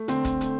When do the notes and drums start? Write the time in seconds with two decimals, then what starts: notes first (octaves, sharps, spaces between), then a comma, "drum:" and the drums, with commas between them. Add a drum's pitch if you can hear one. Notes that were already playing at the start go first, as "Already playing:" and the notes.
Already playing: A3
0.08 D3 C4, drum: hi-hat
0.25 drum: kick, hi-hat
0.41 A3, drum: hi-hat